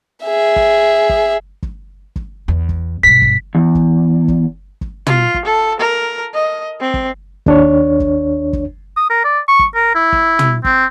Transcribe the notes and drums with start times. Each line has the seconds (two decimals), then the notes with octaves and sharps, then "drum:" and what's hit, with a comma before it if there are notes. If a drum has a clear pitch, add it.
0.25 G#4 E5
0.56 drum: kick
1.09 drum: kick
1.63 drum: kick
2.16 drum: kick
2.48 E2
2.69 drum: kick
3.03 G2 B2 B6
3.22 drum: kick
3.55 E2
3.75 drum: kick
4.28 drum: kick
4.81 drum: kick
5.07 F4, drum: tom
5.34 drum: kick
5.45 A4
5.80 A#4
6.34 D#5
6.80 C4
6.94 drum: kick
7.46 D#2 D4 C#5, drum: kick
8.00 drum: kick
8.53 drum: kick
8.97 D#6
9.10 A#4
9.24 D5
9.48 C#6
9.59 drum: kick
9.75 A#4
9.95 E4
10.12 drum: kick
10.39 drum: tom
10.64 C4, drum: kick